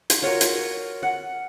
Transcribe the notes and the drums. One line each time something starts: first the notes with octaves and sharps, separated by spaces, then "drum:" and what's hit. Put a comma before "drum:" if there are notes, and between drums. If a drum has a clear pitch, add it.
drum: hi-hat
F4 F#4 A#4 C#5
drum: hi-hat
F#5